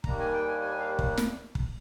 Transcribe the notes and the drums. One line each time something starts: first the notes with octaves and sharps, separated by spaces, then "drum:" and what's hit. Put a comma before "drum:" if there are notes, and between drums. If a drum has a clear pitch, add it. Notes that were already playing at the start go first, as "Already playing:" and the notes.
D#2 D#3 G3 A#3 D4 A#5, drum: kick
G#5
G5
G#5
G#5
F5
drum: kick
drum: snare
drum: kick